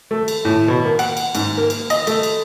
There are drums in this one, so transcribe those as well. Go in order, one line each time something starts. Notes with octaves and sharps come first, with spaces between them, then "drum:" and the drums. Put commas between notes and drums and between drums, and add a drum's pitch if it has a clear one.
A3
drum: cymbal
A2
B2
A#3
F#5, drum: cymbal
drum: cymbal
G#2, drum: cymbal
A#3
drum: cymbal
D#5, drum: cymbal
A3, drum: cymbal
drum: cymbal